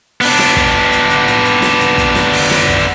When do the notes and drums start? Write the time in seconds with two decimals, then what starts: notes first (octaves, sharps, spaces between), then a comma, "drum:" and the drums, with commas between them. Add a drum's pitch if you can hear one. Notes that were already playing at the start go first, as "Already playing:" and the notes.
0.21 B3 D4, drum: open hi-hat
0.39 drum: snare
0.56 drum: kick, hi-hat
0.92 drum: hi-hat
1.09 drum: hi-hat
1.27 drum: hi-hat
1.45 drum: hi-hat
1.62 drum: snare
1.80 drum: hi-hat
1.98 drum: kick, hi-hat
2.15 drum: snare
2.33 drum: open hi-hat
2.51 drum: snare
2.68 drum: kick, hi-hat